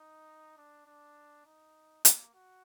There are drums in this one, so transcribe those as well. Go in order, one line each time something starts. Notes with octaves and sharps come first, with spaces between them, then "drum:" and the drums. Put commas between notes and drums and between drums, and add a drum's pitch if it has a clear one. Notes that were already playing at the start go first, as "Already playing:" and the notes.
Already playing: D#4
D4
D4
D#4
A#3, drum: hi-hat
F#4